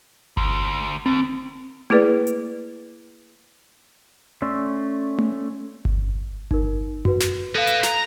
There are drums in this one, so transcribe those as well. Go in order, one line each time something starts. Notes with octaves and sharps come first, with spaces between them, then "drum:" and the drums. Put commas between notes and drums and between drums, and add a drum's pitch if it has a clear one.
D2, drum: kick G1
D#2 C4
A#3 E4 G#4 B4 D5, drum: tom A3
drum: hi-hat
A3 C#4 D5 C6 E6
drum: tom A3
drum: kick G1
D#4 A#4, drum: kick G1
F#4 B4, drum: tom F#2
drum: snare
A4 B4 D#5 F5
drum: hi-hat
A#5, drum: snare